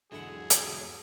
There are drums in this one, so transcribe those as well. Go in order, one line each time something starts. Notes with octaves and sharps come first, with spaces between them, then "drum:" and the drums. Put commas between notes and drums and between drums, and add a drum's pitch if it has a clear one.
E2 G#2 D3 F#3 E4 G#4 F#5
drum: hi-hat